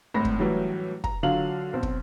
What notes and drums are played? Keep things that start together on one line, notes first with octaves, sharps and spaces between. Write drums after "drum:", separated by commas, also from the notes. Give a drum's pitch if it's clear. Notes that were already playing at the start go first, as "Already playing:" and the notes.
G#1 A2 B5 A#6
drum: kick
A2 E3 F#3 G3 C#4 E4
A#5, drum: kick
D3 F#3 F4 F5 F#7
B1 C4
drum: kick